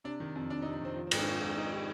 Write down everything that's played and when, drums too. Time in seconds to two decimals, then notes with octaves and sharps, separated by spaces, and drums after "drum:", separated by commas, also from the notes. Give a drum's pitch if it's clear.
0.04 C3 D4
0.20 D#3
0.35 F2
0.50 F2 D4
0.62 D#4
0.65 C3
0.74 D4
0.81 D#3 C4
0.96 F3
1.07 C4
1.11 G#2, drum: cymbal
1.19 D4
1.26 F3 C4
1.42 G#2 D4
1.57 F3 D#4
1.72 G4